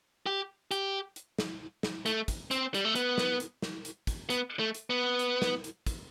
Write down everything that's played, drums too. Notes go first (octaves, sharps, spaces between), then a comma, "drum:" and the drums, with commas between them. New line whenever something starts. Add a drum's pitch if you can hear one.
G4
G4, drum: hi-hat
drum: hi-hat
drum: snare
drum: snare
A3, drum: hi-hat
drum: kick, hi-hat
C4, drum: hi-hat
G3, drum: hi-hat
A3
B3, drum: hi-hat
drum: snare
drum: hi-hat
drum: snare
drum: hi-hat
drum: kick, hi-hat
B3, drum: hi-hat
A3
drum: hi-hat
B3
drum: hi-hat
drum: snare
drum: hi-hat
drum: kick, hi-hat